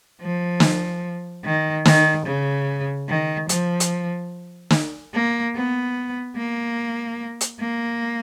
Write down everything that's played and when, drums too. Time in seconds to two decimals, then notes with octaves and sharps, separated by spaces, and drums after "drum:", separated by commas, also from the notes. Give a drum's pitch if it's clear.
0.21 F3
0.60 drum: snare
1.44 D#3
1.85 D#3, drum: snare
2.26 C#3
3.09 D#3
3.49 F3, drum: hi-hat
3.80 drum: hi-hat
4.70 drum: snare
5.14 A#3
5.55 B3
6.37 A#3
7.41 drum: hi-hat
7.60 A#3